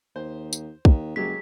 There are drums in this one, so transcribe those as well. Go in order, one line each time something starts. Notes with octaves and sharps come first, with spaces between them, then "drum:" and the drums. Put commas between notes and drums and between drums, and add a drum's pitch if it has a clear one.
D#2 C5
drum: tambourine
D#2, drum: kick
F#1 F#3 G#3 G4 B6